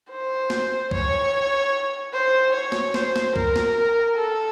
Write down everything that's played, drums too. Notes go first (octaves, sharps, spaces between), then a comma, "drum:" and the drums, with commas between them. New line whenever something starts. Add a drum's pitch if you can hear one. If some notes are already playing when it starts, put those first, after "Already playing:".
C5
drum: snare
C#5, drum: kick
C5
C#5
drum: snare
C5, drum: snare
drum: snare
A#4, drum: kick
drum: snare
A4